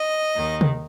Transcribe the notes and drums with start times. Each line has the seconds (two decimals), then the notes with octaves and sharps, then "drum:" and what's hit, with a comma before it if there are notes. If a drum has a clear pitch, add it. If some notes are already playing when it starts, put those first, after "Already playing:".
Already playing: D#5
0.36 D#2 D#3
0.61 drum: tom C3